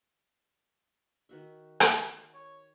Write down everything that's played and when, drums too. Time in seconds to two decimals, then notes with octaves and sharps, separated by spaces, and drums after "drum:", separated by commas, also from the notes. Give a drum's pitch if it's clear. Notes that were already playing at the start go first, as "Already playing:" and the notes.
1.29 D#3 F#4 E5
1.80 drum: rim click
2.34 C#5